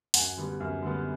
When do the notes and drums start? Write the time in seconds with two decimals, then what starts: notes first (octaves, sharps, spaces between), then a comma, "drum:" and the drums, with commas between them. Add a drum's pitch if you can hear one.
0.14 F#2 F#5 G#5, drum: hi-hat
0.37 D3 G3 B3
0.60 F#2
0.82 D3 G3 B3